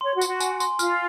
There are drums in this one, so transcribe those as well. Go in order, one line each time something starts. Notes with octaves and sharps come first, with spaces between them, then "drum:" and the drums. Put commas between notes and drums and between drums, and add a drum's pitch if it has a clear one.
C#5 C6
F#4
C6, drum: tambourine
F#4
G#5, drum: tambourine
C6, drum: tambourine
F4 F6, drum: tambourine